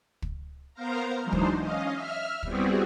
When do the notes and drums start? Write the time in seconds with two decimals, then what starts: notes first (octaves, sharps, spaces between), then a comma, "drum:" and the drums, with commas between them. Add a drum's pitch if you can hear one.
0.22 drum: kick
0.74 B3 A#4 C5 F5 A#5
1.22 E3 F#3 G#3 D4 D#4 C5
1.32 drum: kick
1.59 C#4 D#5 F5
1.92 E5 F6
2.43 G3 B3 C4 E4 F#4 G#4, drum: kick